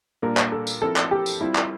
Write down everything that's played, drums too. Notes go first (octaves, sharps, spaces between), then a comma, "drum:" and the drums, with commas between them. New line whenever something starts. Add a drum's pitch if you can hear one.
A#2 G3 A#3 D4 A#4
drum: clap
A4
drum: tambourine
F3 C4 E4 A4 A#4
drum: clap
G4
drum: tambourine
G3 C4 E4 F4 C5
drum: clap